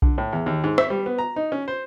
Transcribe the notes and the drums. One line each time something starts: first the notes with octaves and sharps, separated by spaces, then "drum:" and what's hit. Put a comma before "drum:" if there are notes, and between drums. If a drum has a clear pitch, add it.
D3, drum: kick B1
A2
E2
D#2
G#2
E5, drum: rim click
G3
B3
A#5
D#4
C#4
C5